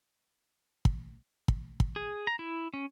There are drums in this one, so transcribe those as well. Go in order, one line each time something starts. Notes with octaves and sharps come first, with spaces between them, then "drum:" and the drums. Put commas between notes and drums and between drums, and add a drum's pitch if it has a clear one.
drum: kick
drum: kick
drum: kick
G#4
A#5
E4
C#4